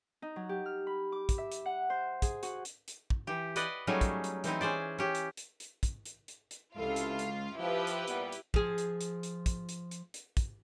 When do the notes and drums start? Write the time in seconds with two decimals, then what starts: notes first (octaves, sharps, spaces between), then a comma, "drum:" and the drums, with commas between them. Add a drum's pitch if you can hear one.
0.22 D#4
0.36 F#3
0.49 G4
0.66 F6
0.87 B5
1.12 D6
1.29 drum: kick, hi-hat
1.38 E5
1.52 drum: hi-hat
1.66 F#5
1.90 C5
2.22 G#4, drum: kick, hi-hat
2.43 F#4, drum: hi-hat
2.65 drum: hi-hat
2.88 drum: hi-hat
3.10 drum: kick
3.27 E3 G4
3.56 B4 D5 D#5 F#5, drum: hi-hat
3.87 F#3 G3 A3 C#4 D#4 G#4
4.01 drum: kick, hi-hat
4.24 drum: hi-hat
4.44 E3 C4 D#4 E4, drum: hi-hat
4.61 C#4 G#4 C5 D5
4.98 C#4 G4
5.15 drum: hi-hat
5.37 drum: hi-hat
5.60 drum: hi-hat
5.83 drum: kick, hi-hat
6.05 drum: hi-hat
6.28 drum: hi-hat
6.51 drum: hi-hat
6.77 C#2 C3 E4 F4 A4 F5
6.96 drum: hi-hat
7.19 drum: hi-hat
7.59 F3 E4 G4 B4
7.87 drum: hi-hat
8.07 A#2 G3 B3, drum: hi-hat
8.32 drum: hi-hat
8.54 F3 G#4, drum: kick
8.78 drum: hi-hat
9.01 drum: hi-hat
9.23 drum: hi-hat
9.46 drum: kick, hi-hat
9.69 drum: hi-hat
9.91 drum: hi-hat
10.14 drum: hi-hat
10.37 drum: kick, hi-hat